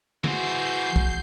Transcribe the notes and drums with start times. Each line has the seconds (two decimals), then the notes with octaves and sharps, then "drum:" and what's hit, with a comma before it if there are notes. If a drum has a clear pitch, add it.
0.24 E3 F#4 G#4 C5 G6 C7, drum: tom D3
0.96 drum: kick